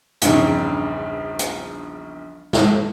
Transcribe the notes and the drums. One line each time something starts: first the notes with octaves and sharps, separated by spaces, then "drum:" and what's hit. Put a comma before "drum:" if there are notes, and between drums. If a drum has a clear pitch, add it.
A#1 E2 G2 C#3 D#4, drum: hi-hat
drum: hi-hat
drum: snare